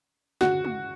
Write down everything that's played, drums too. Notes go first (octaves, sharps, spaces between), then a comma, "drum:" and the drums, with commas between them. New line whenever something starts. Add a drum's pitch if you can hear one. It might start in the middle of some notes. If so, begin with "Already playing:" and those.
F#4, drum: snare
drum: tom G#3